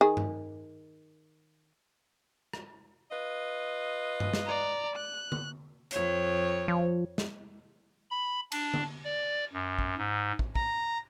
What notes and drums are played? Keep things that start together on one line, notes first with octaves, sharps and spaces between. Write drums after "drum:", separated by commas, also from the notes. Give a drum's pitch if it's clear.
D#3 G#4
drum: tom G2
drum: rim click
F4 B4 D#5
drum: tom G2
drum: snare
D5 A#5
F#6
drum: tom D3
F2 C#5, drum: hi-hat
F3
drum: snare
B5
D4, drum: cymbal
drum: tom D3
D5
F#2
drum: kick
G#2
drum: kick
A#5, drum: kick